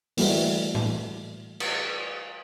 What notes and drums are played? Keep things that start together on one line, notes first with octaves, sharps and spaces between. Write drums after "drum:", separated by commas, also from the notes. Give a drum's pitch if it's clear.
E3 G3 A3 A#3 F#4, drum: open hi-hat
drum: tom
drum: cymbal